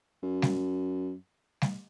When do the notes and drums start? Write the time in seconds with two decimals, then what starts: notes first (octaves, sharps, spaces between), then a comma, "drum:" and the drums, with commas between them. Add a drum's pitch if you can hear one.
0.23 F#2
0.42 drum: snare G3
1.62 drum: snare G3